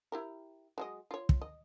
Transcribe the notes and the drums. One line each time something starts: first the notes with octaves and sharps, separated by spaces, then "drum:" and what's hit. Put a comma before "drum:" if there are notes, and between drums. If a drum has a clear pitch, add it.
E4 G4 A#4
F#3 G#3 D#5
F4 C#5
drum: kick
D#5